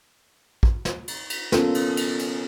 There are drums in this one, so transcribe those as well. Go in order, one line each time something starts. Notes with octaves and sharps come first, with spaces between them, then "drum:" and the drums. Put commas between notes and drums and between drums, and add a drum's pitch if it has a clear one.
drum: kick
drum: snare
drum: cymbal
drum: cymbal
B3 C#4 F4 A4 A#4, drum: snare
drum: cymbal
drum: cymbal
drum: cymbal